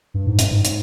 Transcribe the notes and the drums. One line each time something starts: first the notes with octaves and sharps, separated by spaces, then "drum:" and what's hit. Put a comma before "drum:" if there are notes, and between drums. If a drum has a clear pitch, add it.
G2
G#2
G2, drum: hi-hat
G#2
drum: hi-hat